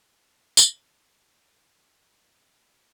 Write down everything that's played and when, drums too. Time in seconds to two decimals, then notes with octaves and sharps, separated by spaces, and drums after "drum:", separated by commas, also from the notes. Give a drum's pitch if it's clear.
0.23 B2 F4 A5 A#5 G#6
0.57 drum: tambourine
0.74 A5 C6 A6
1.16 D4 F4 G4 G#4 A#4 D5
1.96 G#4 A#4 D#5 E5
2.31 C3 G#3
2.61 F3 A3 F#4